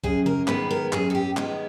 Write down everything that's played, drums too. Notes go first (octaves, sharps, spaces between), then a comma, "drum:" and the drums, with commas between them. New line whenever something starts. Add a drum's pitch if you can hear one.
F#2 G#4, drum: kick
A#4, drum: tom C#3
D#3 G#3 B3 B4, drum: clap
A#4
F#2 G#4, drum: clap
F#4
G4
D#3 G#3 B3 F4, drum: clap